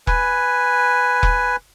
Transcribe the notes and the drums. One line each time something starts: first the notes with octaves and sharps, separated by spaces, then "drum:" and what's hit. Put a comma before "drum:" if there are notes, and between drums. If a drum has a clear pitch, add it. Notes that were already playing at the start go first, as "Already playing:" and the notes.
B4 G#5, drum: kick E1
drum: kick E1